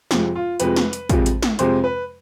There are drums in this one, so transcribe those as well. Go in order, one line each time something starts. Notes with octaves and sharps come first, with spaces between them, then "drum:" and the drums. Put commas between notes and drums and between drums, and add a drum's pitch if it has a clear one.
F2 C3 F3 G#3, drum: snare
F4
F2 C3 F3 G#3 B4, drum: hi-hat
drum: snare
drum: hi-hat
F2 C3 F3 G#3, drum: kick, hi-hat
drum: hi-hat
drum: snare
F2 C3 F3 G#3 C5, drum: hi-hat
B4